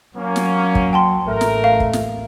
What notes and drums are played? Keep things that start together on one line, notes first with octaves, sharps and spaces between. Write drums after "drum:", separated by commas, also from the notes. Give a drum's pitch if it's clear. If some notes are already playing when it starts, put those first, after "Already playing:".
F#3 A#3 C#4
drum: snare
drum: kick
G5 A5 C6
A1 A3 A#4
drum: snare
F5
drum: kick
drum: snare